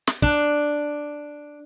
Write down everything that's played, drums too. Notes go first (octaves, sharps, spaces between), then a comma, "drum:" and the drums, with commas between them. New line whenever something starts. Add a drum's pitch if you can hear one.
drum: snare
D4, drum: kick